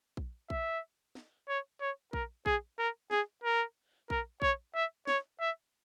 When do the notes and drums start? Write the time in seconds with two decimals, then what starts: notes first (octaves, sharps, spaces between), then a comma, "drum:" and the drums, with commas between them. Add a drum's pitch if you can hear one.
0.17 drum: kick A#1
0.50 E5, drum: kick A#1
1.15 drum: snare
1.48 C#5
1.81 C#5
2.13 A#4, drum: kick A#1
2.46 G#4, drum: kick A#1
2.79 A#4
3.11 G#4, drum: snare
3.44 A#4
4.10 A#4, drum: kick A#1
4.42 C#5, drum: kick A#1
4.75 E5
5.07 C#5, drum: snare
5.40 E5